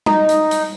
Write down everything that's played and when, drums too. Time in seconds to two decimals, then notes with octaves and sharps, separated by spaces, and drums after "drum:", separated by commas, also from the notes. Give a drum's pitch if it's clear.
0.06 D#4, drum: tom G3
0.29 drum: hi-hat
0.51 drum: hi-hat